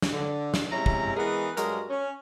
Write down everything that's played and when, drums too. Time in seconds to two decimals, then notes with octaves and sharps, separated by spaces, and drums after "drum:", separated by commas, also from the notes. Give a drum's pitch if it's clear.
0.02 drum: snare
0.13 D3
0.54 drum: snare
0.72 C3 G#3 C#4 E4 A#5
0.86 drum: kick
1.17 E3 G#3 B3 G#4 A#4
1.57 G2 F#3 G#3 F#4 A#4, drum: hi-hat
1.90 C#4